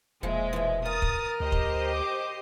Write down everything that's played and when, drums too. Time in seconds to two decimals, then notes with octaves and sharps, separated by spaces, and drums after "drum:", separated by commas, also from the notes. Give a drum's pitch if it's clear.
0.23 E1 A#2 F3 G#3 E4
0.53 B2 E3
0.85 F4 A#4 D#6 A6
1.02 drum: kick
1.40 D2 G4 C5 D#5
1.52 drum: kick
1.95 D6